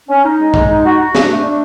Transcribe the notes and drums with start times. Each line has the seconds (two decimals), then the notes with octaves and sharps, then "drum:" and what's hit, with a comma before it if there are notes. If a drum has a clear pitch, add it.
0.09 C#4
0.24 D#4
0.40 G#3
0.54 G#3, drum: kick
0.69 D#4
0.85 F#4
0.99 F#4
1.15 D4, drum: snare
1.29 A3
1.44 D4